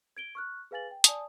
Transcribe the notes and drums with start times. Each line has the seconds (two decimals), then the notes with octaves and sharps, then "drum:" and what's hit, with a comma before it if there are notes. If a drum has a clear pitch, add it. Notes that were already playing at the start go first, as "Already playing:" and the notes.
0.17 G#6 D7 G7
0.35 C#6 F6 F#6
0.71 G#4 B4 F5 G#5 A6 F#7
0.91 G5
1.04 D5 G#5 A5 D#6, drum: hi-hat